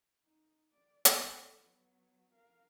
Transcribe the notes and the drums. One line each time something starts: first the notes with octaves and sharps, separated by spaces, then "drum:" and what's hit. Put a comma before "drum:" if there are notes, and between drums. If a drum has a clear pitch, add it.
D#4
D5
A4 B5, drum: hi-hat
F#3 B3
A#4 F5